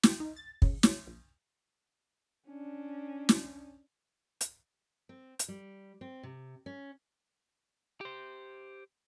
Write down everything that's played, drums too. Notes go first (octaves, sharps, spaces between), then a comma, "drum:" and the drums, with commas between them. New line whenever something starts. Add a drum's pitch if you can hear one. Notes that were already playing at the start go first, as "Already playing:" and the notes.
G5, drum: snare
D#4
A6
C#3, drum: kick
C#5, drum: snare
A#1
C#4 D4
drum: snare
drum: hi-hat
C4
drum: hi-hat
G3
C4
C3
C#4
G4 C5